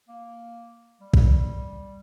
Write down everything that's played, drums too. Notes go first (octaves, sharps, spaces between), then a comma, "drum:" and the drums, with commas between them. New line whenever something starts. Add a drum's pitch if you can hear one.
A#3
G3
drum: kick